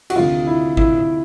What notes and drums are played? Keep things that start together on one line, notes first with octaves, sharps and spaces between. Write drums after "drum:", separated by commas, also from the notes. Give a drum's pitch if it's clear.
F#4, drum: cymbal
D2 C3 D#3 F4
E4
E4, drum: kick G#1